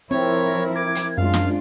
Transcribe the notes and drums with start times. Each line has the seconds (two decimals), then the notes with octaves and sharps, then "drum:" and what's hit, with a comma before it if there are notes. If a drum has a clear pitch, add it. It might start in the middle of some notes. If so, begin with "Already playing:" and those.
0.11 F3 C4 E4 A#4 C#5
0.76 D6 G#6
0.95 drum: hi-hat
1.18 F#2 G#3 D4 F4 F5
1.34 drum: snare